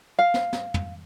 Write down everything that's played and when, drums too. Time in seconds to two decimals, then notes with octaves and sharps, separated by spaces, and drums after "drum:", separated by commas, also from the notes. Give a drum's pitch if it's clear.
0.19 F5
0.34 drum: snare
0.53 drum: snare
0.74 drum: tom